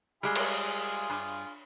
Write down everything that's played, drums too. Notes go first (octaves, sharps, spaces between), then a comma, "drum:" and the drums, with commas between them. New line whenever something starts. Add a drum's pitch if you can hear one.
G3 G#3 F4 G#4
drum: cymbal
G2